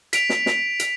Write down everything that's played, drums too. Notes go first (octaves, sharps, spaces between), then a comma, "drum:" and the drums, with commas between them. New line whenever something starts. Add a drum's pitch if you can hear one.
B6 D7 F7, drum: hi-hat
drum: snare
drum: snare
drum: hi-hat